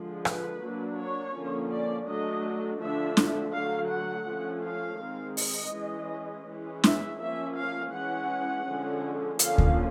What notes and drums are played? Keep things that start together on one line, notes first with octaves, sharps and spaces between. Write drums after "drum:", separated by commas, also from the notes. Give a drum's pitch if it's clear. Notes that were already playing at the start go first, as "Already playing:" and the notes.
Already playing: D3 F3 G#3
B4, drum: rim click
F#3 A#3 D4
C#5
D3 F3 A#3 C#4
D5
F#3 A3 D4 D#5
D3 F3 A3 D4 E5
drum: snare
D3 F#3 A3 F5
F#5
F3 A3 C#4
F5
D#3 G#3 C4
D#5, drum: open hi-hat
E3 G#3 C#4
E3 G#3 C#4
E5, drum: snare
F3 A#3 C#4 E5
F5
E3 G#3 C#4 F#5
D3 F3 G#3 C#4
D3 F3 A#3 C#4 F5, drum: hi-hat
drum: kick D2